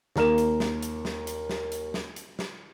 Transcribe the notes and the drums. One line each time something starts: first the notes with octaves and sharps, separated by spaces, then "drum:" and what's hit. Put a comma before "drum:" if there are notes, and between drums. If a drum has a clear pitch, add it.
D#2 A#4 E7, drum: snare
drum: hi-hat
drum: snare
drum: hi-hat
drum: snare
drum: hi-hat
drum: snare
drum: hi-hat
drum: snare
drum: hi-hat
drum: snare